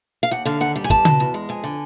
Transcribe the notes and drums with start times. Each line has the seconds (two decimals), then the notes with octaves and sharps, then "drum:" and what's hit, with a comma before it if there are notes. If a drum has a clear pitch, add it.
0.23 F5
0.31 D#2 F#5, drum: hi-hat
0.45 D3 F5
0.61 D#2 F#5
0.76 G3
0.84 G#5
0.90 E2 A5, drum: kick
1.05 B2, drum: tom C#3
1.20 E2
1.34 G#3
1.49 F2 G#5
1.64 D3